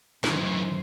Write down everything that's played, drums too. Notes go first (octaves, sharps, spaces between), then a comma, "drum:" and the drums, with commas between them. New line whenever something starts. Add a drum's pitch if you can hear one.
F#2 A2 D#3 E3 C5, drum: snare